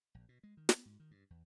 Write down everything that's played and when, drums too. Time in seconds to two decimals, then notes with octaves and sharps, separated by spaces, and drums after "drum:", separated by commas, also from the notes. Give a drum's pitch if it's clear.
0.15 A#1
0.29 B2
0.43 G#3
0.57 D#3
0.69 B3, drum: snare
0.85 G#2
1.00 D#3
1.11 G2
1.30 E2